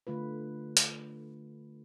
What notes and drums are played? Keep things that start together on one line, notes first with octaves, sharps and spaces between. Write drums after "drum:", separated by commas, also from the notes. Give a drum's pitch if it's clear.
D3 A3 F4 B4
drum: hi-hat